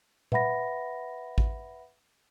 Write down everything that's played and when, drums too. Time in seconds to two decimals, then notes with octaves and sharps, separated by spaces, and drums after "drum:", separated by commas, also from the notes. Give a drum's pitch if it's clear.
0.32 B4 E5 F#5 B5 A#6, drum: tom A#2
1.38 drum: kick A1